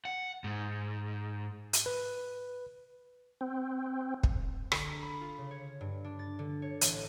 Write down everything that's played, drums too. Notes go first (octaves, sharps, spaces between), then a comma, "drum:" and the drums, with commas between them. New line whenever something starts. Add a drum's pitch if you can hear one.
F#5
G#2
drum: hi-hat
B4
C4
drum: kick
D3, drum: rim click
A#5
B5
F4
C#3
C#5
G2
D4
A6
D3
C#5
A1, drum: hi-hat